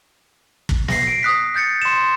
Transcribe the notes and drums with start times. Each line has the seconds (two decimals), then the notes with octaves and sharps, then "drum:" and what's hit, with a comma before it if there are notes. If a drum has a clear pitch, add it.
0.69 drum: kick
0.88 A#6 C7, drum: snare
1.07 D7
1.23 D#6 F#6 B6
1.54 F#6 G6 A6 C#7
1.82 C6 E7